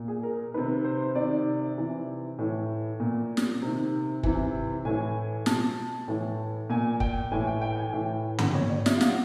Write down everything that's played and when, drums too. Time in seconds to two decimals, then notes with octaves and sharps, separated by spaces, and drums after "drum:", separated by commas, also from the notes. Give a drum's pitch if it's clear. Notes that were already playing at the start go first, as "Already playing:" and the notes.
Already playing: A#2
0.08 G#4
0.23 A#4
0.54 C3 D#3 B4
0.84 C5
1.15 C3 D#3 D5
1.78 C3 E3
2.38 A2 E3
3.00 A#2
3.37 drum: snare
3.62 C3 D#3
4.23 C3 E3, drum: kick
4.85 A2 E3 G#5
5.46 B2 A5, drum: snare
6.08 A2 E3
6.70 A#2 G#5
7.00 G5, drum: kick
7.31 A2 E3 G#5
7.47 G5
7.61 G5
7.77 G#5
7.93 A2 E3 G5
8.39 drum: tom
8.54 A#2 C#5
8.69 D5
8.86 E5, drum: snare
8.96 F5
9.01 F#5, drum: snare